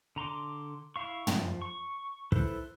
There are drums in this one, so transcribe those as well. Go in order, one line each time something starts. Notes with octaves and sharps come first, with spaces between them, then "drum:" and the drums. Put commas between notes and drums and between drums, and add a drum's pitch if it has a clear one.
D3 A#5 C6 D6
E4 F5 C#6
F3, drum: tom
C#6
E4 A4 B4 C5, drum: kick